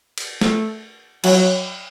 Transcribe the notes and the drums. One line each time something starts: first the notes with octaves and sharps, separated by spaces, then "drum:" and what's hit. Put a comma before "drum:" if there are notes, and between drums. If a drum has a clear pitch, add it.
drum: cymbal
A3, drum: snare
F#3, drum: cymbal